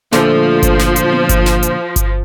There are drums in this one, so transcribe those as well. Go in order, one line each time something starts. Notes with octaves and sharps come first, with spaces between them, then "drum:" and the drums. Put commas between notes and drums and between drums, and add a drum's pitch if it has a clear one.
A#2 D3 F3 A3, drum: snare
drum: kick G1, hi-hat
drum: snare
drum: hi-hat
drum: tom B3
drum: kick G1, hi-hat
drum: snare
drum: hi-hat
drum: kick G1, hi-hat